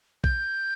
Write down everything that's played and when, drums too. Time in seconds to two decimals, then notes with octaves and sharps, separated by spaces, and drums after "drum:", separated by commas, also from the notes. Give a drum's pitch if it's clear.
0.24 G6, drum: kick A#1